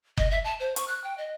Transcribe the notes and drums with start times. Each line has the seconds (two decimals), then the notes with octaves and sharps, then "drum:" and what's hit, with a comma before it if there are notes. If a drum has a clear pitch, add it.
0.17 D#5, drum: kick F#1
0.31 E5
0.44 A5
0.60 C5
0.76 C#6, drum: hi-hat
0.88 F#6
1.04 G5
1.18 D#5